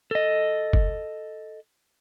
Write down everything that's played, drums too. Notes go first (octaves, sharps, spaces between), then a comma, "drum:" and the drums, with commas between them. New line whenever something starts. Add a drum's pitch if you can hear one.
A4 D#5
drum: kick F#1